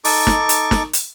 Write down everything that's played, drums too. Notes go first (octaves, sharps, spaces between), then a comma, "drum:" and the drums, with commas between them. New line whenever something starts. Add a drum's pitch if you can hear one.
D#4 A4 C#6 D6, drum: open hi-hat
drum: snare
drum: hi-hat
drum: snare
drum: hi-hat